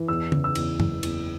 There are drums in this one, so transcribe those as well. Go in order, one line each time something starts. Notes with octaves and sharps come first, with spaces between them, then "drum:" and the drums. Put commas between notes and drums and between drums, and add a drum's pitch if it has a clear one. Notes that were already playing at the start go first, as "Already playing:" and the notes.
Already playing: E3
E2 E6
C#3, drum: tom
E6
E2, drum: cymbal
F#1, drum: tom
E2, drum: cymbal